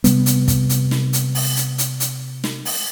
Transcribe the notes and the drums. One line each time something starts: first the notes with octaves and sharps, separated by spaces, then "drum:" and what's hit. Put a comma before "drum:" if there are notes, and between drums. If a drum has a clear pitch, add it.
C3 G3 B3, drum: hi-hat
drum: hi-hat
drum: kick, hi-hat
drum: hi-hat
drum: snare
drum: hi-hat
drum: open hi-hat
drum: hi-hat
drum: hi-hat
drum: hi-hat
drum: snare
drum: open hi-hat